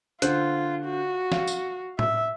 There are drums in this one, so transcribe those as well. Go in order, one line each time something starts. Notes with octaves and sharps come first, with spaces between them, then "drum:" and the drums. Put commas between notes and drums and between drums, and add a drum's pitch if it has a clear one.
D3 F4 C5 F#6, drum: hi-hat
F#4
F5, drum: snare
drum: tambourine
E5, drum: tom A2